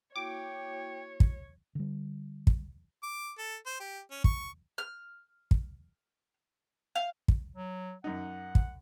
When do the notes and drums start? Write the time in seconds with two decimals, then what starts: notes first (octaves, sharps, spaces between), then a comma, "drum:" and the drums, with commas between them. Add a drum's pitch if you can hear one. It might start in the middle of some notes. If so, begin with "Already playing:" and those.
0.16 A#3 E4 F#4 C#5 G5 D6
1.20 drum: kick
1.75 D3 G3
2.47 drum: kick
3.03 D6
3.39 A4
3.66 C5
3.80 G4
4.11 C#4
4.24 C#6, drum: kick
4.78 F6
5.51 drum: kick
6.95 F5
7.28 drum: kick
7.55 F#3
8.04 F#2 D#4 F#5
8.55 drum: kick